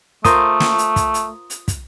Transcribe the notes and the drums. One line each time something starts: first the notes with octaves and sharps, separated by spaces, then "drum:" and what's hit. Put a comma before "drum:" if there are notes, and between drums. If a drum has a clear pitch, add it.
A3 F4 A#4 C5 D#6, drum: kick, hi-hat
drum: snare
drum: hi-hat
drum: kick, hi-hat
drum: hi-hat
drum: hi-hat
drum: kick, hi-hat